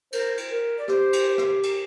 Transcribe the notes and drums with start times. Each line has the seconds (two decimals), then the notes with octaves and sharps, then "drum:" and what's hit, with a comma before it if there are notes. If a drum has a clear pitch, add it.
0.12 A#4 C5, drum: cymbal
0.38 drum: cymbal
0.50 A#4
0.78 D5
0.88 G4 C5, drum: rim click
1.13 drum: cymbal
1.38 drum: rim click
1.63 drum: cymbal